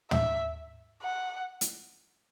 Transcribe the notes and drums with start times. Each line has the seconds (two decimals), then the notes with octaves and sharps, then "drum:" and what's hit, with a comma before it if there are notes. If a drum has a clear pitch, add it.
0.11 E5, drum: tom
1.03 F#5
1.61 drum: hi-hat